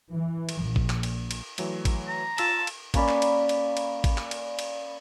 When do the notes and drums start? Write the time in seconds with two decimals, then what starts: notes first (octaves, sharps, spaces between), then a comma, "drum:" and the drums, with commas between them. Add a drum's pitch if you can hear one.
0.13 E3
0.49 drum: cymbal
0.64 A#1
0.76 drum: kick G#1
0.90 drum: clap
1.03 drum: cymbal
1.31 drum: cymbal
1.58 E3 F#3 A3, drum: cymbal
1.85 drum: kick G#1, cymbal
2.08 A#5
2.38 F4 A5 E6 B6, drum: cymbal
2.67 drum: cymbal
2.94 A#3 C#4 B4 D5, drum: kick G#1, cymbal
3.08 drum: clap
3.22 drum: cymbal
3.49 drum: cymbal
3.77 drum: cymbal
4.04 drum: kick G#1, cymbal
4.18 drum: clap
4.31 drum: cymbal
4.59 drum: cymbal